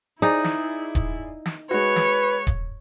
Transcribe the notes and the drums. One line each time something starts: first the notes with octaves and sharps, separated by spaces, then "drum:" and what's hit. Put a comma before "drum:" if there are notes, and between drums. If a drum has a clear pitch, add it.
D#4 E4 G#4 C5 D5
drum: snare
drum: kick D#1, hi-hat
drum: snare
G#3 F#4 B4 C#5
drum: snare
drum: kick D#1, hi-hat